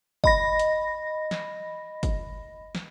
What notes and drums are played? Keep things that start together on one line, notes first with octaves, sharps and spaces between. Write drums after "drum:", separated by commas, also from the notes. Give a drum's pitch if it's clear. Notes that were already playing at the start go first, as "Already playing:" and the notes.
D#5 B5 A#6, drum: kick
drum: hi-hat
drum: snare
drum: kick, hi-hat
drum: snare